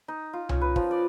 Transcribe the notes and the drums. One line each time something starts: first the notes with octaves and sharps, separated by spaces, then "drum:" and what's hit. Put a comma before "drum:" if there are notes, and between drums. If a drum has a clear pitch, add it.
D#4
F4
C#4, drum: tom C2
B4
F3, drum: kick
D5